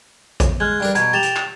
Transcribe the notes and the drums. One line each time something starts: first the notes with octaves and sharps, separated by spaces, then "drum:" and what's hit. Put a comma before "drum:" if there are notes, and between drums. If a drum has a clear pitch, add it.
drum: kick A1, hi-hat
G#3 F6 F#6 G#6
G2 D4 A#4
B2 A#5 G#6, drum: hi-hat
G4 A6 E7 F7
drum: hi-hat
drum: clap